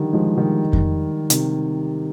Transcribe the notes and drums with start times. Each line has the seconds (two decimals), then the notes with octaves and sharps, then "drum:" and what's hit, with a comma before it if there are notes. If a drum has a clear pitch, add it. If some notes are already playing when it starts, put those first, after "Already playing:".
Already playing: D3 D#3 F3 G3
0.13 F3 G#3
0.37 D#3 G3
0.73 drum: kick F2
1.30 C3 D#3, drum: hi-hat